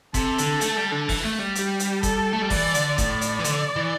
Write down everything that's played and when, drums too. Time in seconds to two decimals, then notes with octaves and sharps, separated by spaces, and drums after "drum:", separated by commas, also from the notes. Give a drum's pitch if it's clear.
0.14 C3 A4, drum: kick F1, hi-hat
0.38 D3, drum: hi-hat
0.61 A3, drum: hi-hat
0.77 G3
0.92 D3
1.09 E3, drum: kick F1, open hi-hat
1.24 A3
1.39 G3
1.55 G4, drum: hi-hat
1.80 drum: hi-hat
2.03 A4, drum: kick F1, hi-hat
2.33 A3
2.42 G3
2.50 E3 D5, drum: kick F1, open hi-hat
2.74 D3, drum: hi-hat
2.98 A2 D5, drum: kick F1, hi-hat
3.21 drum: hi-hat
3.39 E3
3.44 D3, drum: hi-hat
3.76 E3